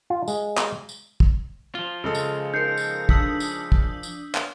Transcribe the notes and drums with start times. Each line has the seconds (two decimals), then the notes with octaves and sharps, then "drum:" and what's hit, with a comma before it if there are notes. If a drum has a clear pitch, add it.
0.10 F4
0.28 G#3, drum: tambourine
0.57 drum: clap
0.89 drum: tambourine
1.20 drum: kick
1.75 F3 F4 G7
2.04 C#3 G#3 A4
2.15 drum: tambourine
2.54 D#4 A#4 G6 C7 C#7
2.77 drum: tambourine
3.09 D4 D#6 E6 B6 F#7, drum: kick
3.40 drum: tambourine
3.72 drum: kick
4.03 drum: tambourine
4.35 drum: clap